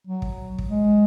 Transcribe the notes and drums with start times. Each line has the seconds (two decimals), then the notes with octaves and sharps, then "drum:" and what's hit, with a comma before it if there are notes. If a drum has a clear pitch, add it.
0.07 F#3
0.22 drum: kick
0.58 drum: kick
0.69 G#3